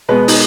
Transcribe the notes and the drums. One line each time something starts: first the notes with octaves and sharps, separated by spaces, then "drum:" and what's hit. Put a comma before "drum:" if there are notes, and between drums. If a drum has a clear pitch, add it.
B2 G#3 B3 B4
D#4, drum: open hi-hat